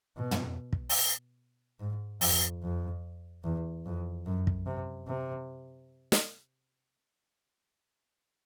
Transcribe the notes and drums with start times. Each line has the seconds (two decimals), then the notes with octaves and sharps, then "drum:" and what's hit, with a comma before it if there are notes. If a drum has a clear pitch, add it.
0.17 B2
0.31 drum: tom
0.73 drum: kick
0.89 drum: open hi-hat
1.80 G#2
2.21 F2, drum: open hi-hat
2.62 F2
3.44 E2
3.86 F2
4.26 F#2
4.47 drum: kick
4.66 C3
5.08 C3
6.12 drum: snare